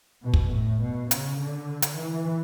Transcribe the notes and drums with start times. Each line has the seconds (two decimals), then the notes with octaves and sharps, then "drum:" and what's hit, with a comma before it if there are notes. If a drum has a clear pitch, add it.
0.23 B2
0.34 drum: kick
0.53 A2
0.82 B2
1.11 C#3, drum: hi-hat
1.40 D3
1.82 drum: hi-hat
1.99 E3